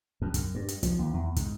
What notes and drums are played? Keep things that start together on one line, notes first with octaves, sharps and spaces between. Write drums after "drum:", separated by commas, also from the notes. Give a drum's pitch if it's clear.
F2
F#2, drum: kick, hi-hat
G2
drum: hi-hat
F3, drum: kick, hi-hat
D#2
E2
G#2, drum: kick, hi-hat